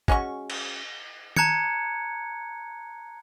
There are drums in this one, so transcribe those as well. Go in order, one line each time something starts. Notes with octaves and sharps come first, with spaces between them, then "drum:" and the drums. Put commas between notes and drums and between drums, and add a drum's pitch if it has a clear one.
G#3 C#4 F#4 C#6, drum: kick
drum: cymbal
A5 A#5 F#6 G#6 C#7, drum: tom D#3